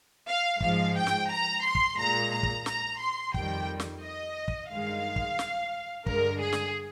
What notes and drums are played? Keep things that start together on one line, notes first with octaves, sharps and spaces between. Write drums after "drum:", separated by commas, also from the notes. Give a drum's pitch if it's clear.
F5
G#2 F3 G#3 F5, drum: kick
G5
drum: snare
A#5
C6
drum: kick
A#2 G#3 A#5
A#5
drum: kick
A#5, drum: snare
C6
F2 D#3 G3 G5, drum: kick
drum: snare
D#5
drum: kick
G2 D#3 G#3 F5
drum: kick
drum: snare
G2 D3 G#3 A#4, drum: kick
G#4
drum: snare